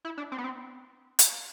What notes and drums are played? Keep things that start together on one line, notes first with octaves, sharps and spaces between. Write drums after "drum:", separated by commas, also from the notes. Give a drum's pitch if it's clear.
E4
D4
C4
B3
C4
drum: hi-hat